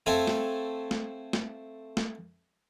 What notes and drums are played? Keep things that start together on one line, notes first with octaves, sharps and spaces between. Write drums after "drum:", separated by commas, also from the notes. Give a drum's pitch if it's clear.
A3 C4 A4 F5 G#5
drum: snare
drum: snare
drum: snare
drum: snare